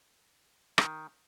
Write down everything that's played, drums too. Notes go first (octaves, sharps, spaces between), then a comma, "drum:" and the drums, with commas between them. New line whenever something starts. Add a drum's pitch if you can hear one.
D#3, drum: rim click